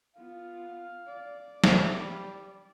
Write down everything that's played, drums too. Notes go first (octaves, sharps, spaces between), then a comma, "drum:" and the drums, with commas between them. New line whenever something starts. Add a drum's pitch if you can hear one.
B3 F4 F5
D5
G3, drum: snare